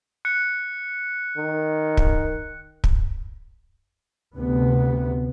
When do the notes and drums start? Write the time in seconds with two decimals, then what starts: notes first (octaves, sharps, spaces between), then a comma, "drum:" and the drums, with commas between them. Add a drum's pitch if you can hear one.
0.25 F#6 C#7
1.37 D#3
1.97 drum: kick
2.84 drum: kick
4.35 D2 C3 B3